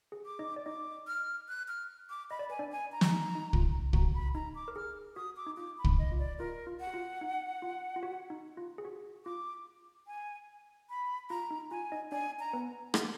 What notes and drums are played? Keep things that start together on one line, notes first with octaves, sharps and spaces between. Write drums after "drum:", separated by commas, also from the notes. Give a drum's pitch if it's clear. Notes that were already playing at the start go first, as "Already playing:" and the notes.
G#4
D6
D#4 D#5
D5
D#4 D#5 D6
F6
F#6
F6
D6
D#5 B5
D5
B4 G#5
D4 D5
G#5
A#5
drum: snare
D#4
D#4
F4, drum: kick
F#4 A#5, drum: kick
B5
D#4 A#5
D6
A#4
G#4 F6
F#4 D#6
D6
D#4
F4 D6
B5
D#4, drum: kick
D#5
F4
D5
F4 A#4
F4
F#5
F#4
F4
D#4
F4
F4
F#4
D#4
F4
G#4
F#4
F4 D6
G#5
B5
F4 A#5
D#4
F4 G#5
D#4 D#5
D4 D5 G#5
A#5
B3 B4
A#3 A#4, drum: rim click